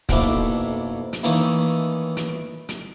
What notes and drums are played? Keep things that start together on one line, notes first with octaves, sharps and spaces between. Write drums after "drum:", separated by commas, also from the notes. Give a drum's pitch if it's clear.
B1 F2 A2 A#3 E4 D6, drum: kick, hi-hat
drum: hi-hat
D#3 E3 A3 A#3 C#4 E4
drum: hi-hat
drum: hi-hat